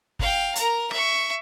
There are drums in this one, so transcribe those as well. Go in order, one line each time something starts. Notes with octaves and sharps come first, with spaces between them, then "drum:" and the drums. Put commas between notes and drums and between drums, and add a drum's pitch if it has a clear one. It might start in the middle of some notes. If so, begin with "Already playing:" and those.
F5 G5, drum: kick
A#4 A#5, drum: hi-hat
E5 C#6, drum: rim click